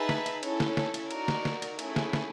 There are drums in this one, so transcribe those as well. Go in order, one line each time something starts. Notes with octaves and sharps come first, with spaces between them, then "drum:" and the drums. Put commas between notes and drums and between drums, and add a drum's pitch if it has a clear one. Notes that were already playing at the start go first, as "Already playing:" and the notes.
Already playing: D#4 G#4 B4 E5 A5
drum: snare
drum: cymbal
C#4 E4 A4, drum: cymbal
drum: snare
drum: snare
drum: cymbal
D#4 F#4 A#4 D5, drum: cymbal
drum: snare
drum: snare
drum: cymbal
A3 C#4 E4 G#4, drum: cymbal
drum: snare
drum: snare